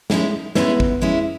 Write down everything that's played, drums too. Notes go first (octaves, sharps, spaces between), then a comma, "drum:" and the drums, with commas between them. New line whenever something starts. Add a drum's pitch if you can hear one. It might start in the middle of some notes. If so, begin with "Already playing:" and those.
G#3 C#4 E4, drum: snare
G#3 B3 C#4 E4 B4, drum: snare
drum: kick
G#3 C#4 E4